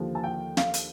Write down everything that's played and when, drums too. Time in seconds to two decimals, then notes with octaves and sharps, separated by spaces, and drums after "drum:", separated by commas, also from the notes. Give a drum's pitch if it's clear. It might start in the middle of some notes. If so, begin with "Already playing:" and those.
Already playing: D#2 D3 F3
0.15 A5
0.24 G5
0.57 F5, drum: snare
0.74 drum: hi-hat